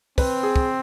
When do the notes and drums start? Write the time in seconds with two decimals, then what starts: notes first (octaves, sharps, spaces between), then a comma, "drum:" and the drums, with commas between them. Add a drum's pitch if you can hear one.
0.18 C4 B4, drum: kick, open hi-hat
0.43 G#4
0.56 drum: kick